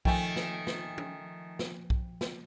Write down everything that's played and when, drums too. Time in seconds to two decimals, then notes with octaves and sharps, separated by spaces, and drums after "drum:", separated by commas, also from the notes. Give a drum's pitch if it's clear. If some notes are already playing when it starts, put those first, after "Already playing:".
0.05 D#3 F3 A3 G5 G#5, drum: kick B1
0.36 drum: snare
0.67 drum: snare
0.98 drum: tom
1.59 drum: snare
1.90 drum: kick B1
2.21 drum: snare